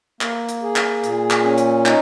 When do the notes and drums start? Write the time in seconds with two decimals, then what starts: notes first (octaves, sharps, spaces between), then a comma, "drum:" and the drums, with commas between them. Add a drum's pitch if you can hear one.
0.21 A#3, drum: clap
0.49 drum: hi-hat
0.63 G#4
0.76 drum: clap
1.03 A#2, drum: hi-hat
1.30 drum: clap
1.43 C#4
1.58 drum: hi-hat
1.86 D#4, drum: clap